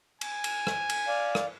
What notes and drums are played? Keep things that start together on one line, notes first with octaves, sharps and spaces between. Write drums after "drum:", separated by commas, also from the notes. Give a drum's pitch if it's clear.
G#5, drum: cymbal
drum: cymbal
drum: rim click
drum: cymbal
D5 F5
drum: rim click